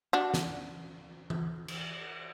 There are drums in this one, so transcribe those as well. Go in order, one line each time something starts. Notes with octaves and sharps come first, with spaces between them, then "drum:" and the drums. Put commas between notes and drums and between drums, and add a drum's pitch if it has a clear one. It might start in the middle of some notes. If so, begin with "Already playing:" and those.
D4 F#4
drum: snare
drum: tom E3
drum: cymbal